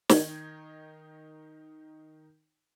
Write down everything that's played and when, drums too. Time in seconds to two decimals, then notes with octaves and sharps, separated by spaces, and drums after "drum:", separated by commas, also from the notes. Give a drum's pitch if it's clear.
0.09 D#3 D#4 G#6, drum: snare